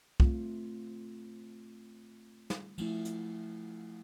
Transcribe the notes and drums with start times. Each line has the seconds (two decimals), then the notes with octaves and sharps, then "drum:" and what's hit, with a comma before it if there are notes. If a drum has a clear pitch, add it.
0.20 A3 C4 F4, drum: kick
2.50 drum: snare
2.78 F3 A3 E4, drum: cymbal
3.05 drum: hi-hat